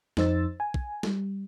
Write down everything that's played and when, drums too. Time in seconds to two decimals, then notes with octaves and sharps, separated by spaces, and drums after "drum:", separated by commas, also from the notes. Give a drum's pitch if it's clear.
0.17 F2 D#4 C5 E6 A6, drum: snare
0.60 G#5
0.74 drum: kick
1.03 G3, drum: snare